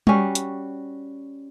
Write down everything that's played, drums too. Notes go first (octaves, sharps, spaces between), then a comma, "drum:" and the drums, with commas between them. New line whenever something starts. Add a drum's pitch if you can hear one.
G3 C#4 F#4, drum: tom G3
drum: hi-hat